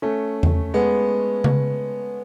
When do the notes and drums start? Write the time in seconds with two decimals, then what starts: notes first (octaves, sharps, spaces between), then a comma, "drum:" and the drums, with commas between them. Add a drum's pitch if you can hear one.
0.02 A3 C#4
0.43 drum: tom E2
0.74 G#3 B3
1.44 drum: tom C#3